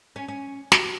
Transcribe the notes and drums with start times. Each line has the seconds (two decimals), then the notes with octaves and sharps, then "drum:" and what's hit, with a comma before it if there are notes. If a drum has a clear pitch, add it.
0.16 C#4
0.28 C#4
0.72 F#4, drum: snare